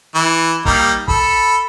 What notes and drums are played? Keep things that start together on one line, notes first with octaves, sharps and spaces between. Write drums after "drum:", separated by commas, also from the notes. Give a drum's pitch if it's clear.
E3
G3 A#3 D#4, drum: kick
A4 B5, drum: kick